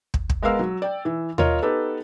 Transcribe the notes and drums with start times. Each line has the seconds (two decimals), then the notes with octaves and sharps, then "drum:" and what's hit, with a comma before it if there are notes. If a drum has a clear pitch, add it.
0.14 drum: kick
0.30 drum: kick
0.42 G#3 B3 A#4 F5 E6
0.59 F#3
0.82 D5 G5
1.05 E3
1.38 F4 A#4 C#5 D#5, drum: tom D#2
1.62 B3 D#4 G4 A4 B4